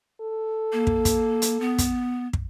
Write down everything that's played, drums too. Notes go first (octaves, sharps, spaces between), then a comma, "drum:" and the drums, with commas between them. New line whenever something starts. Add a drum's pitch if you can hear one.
A4
A#3
drum: kick
drum: kick, hi-hat
drum: hi-hat
B3
drum: kick, hi-hat
drum: kick